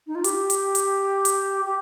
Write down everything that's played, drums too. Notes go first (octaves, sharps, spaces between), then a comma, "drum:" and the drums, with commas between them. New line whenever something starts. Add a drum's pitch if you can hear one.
D#4
F4
G4, drum: hi-hat
drum: hi-hat
drum: hi-hat
drum: hi-hat
G4